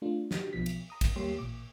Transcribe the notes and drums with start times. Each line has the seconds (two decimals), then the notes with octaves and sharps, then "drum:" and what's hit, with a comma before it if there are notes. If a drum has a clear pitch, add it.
0.02 A3 D4 F4
0.31 F#4 G4, drum: snare
0.53 B1 B2 F3 B6
0.66 drum: cymbal
0.90 A#5 D#6
1.01 drum: kick, cymbal
1.16 D#2 G3 A#3 G4 C#5 C6
1.39 A1 A#2 D6